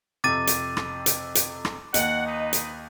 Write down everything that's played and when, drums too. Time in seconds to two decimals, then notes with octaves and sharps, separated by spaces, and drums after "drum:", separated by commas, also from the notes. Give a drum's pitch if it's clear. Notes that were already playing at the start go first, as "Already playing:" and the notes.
0.24 F2 C3 D6 A6 D#7
0.47 drum: hi-hat
0.77 drum: rim click
1.06 drum: hi-hat
1.35 drum: hi-hat
1.65 drum: rim click
1.94 D#2 D#5 F#5, drum: hi-hat
2.27 D#4 B4
2.53 drum: hi-hat